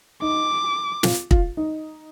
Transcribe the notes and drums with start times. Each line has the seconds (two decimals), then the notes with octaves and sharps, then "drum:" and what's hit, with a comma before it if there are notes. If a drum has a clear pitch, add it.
0.22 D#4 D6
1.03 F4, drum: snare
1.31 F4, drum: kick
1.57 D#4